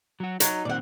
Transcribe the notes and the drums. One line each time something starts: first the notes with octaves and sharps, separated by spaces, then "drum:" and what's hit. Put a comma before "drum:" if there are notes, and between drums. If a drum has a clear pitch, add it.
F#3 F#4
F#3 D#4, drum: hi-hat
A#2 D#3 C4 D5 F#5